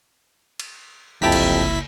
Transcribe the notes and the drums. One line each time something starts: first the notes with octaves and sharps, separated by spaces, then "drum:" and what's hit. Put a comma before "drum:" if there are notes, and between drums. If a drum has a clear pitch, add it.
drum: cymbal
F#1 C2 F2 D#4 E4 G4 A5 B6
drum: cymbal